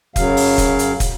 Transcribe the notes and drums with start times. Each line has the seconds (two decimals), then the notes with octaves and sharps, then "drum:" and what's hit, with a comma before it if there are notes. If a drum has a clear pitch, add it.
0.16 F#2 C#3 F#3 F5, drum: kick, hi-hat
0.37 drum: open hi-hat
0.58 drum: kick, hi-hat
0.79 drum: hi-hat
1.00 drum: kick, hi-hat